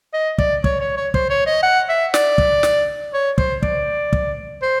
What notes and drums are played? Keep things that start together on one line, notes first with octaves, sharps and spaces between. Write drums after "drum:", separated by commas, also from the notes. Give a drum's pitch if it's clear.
D#5
D5, drum: kick
C#5, drum: kick
C#5
C#5
C5, drum: kick
C#5
D#5
F#5
E5
D5, drum: snare
drum: kick
drum: snare
C#5
C5, drum: kick
D5, drum: kick
drum: kick
C5